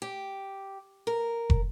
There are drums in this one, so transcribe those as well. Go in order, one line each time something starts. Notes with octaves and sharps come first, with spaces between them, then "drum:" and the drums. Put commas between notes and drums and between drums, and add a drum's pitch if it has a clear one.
G4
A#4
drum: kick